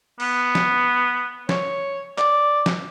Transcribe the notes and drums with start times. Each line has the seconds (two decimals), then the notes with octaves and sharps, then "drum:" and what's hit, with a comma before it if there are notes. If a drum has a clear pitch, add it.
0.20 B3, drum: cymbal
0.55 drum: snare
1.49 C#5, drum: snare
2.18 D5, drum: clap
2.66 drum: snare